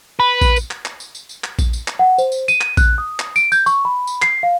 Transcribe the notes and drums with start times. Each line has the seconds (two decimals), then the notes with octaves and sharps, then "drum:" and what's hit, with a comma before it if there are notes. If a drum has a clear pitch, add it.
0.20 B4
0.42 drum: kick A#1, tambourine
0.56 drum: tambourine
0.71 drum: clap
0.85 drum: clap
1.00 drum: tambourine
1.15 drum: tambourine
1.29 drum: tambourine
1.44 drum: clap
1.59 drum: kick A#1, tambourine
1.73 drum: tambourine
1.88 drum: clap
1.99 F#5
2.18 C5, drum: tambourine
2.32 drum: tambourine
2.48 D#7, drum: tambourine
2.61 drum: clap
2.77 F#6, drum: kick A#1, tambourine
2.98 D#6
3.20 drum: clap
3.36 D7, drum: tambourine
3.52 G6, drum: tambourine
3.66 C#6, drum: tambourine
3.85 B5
4.07 drum: tambourine
4.22 C7, drum: clap
4.43 F5